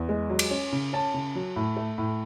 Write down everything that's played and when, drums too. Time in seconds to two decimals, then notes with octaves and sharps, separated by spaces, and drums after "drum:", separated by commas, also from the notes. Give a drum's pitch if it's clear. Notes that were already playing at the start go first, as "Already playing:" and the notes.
Already playing: E2
0.09 G#3
0.30 F#3
0.39 drum: cymbal
0.51 C#4
0.72 C#3
0.93 C#4 A5
1.14 C#3
1.36 F#3
1.56 A2
1.76 A3
1.98 A2